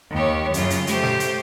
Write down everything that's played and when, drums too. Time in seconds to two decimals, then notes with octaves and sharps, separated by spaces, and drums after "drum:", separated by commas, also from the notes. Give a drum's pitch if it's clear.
0.12 D#2 G4 C#5
0.54 F#2 C#3 F4, drum: hi-hat
0.70 drum: hi-hat
0.87 A3 G4 C5, drum: hi-hat
1.03 drum: snare
1.20 drum: hi-hat